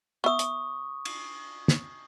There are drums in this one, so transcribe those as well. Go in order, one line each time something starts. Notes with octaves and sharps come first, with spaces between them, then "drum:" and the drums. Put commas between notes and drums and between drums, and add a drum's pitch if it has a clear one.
B3 E5 C#6 D#6
drum: hi-hat
drum: cymbal
drum: snare